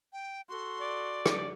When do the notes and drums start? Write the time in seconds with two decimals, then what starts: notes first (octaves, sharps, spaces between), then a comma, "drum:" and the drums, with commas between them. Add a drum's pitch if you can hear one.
0.13 G5
0.49 F#4 A4 C6
0.80 D5
1.26 drum: rim click